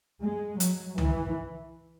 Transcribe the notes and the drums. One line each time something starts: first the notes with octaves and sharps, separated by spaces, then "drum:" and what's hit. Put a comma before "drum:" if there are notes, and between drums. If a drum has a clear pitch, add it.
G#3
F#3, drum: hi-hat
E3, drum: tom